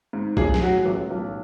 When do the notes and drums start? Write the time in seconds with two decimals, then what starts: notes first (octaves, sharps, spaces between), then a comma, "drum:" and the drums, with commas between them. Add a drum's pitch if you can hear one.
0.13 G#2
0.37 A1 G#4, drum: kick
0.54 G#4, drum: snare
0.61 F#3 F#4
0.86 A1
1.11 B1